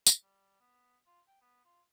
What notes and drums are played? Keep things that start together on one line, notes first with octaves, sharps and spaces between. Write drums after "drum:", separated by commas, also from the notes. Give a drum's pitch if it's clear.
drum: tambourine
G3
B3
F4
G5
B3
F4